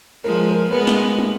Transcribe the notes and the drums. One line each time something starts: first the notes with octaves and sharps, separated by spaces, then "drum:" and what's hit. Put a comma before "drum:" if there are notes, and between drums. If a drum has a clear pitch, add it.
F3 G#3 A#4
A#4
G#3 B3 B4
drum: snare
drum: tom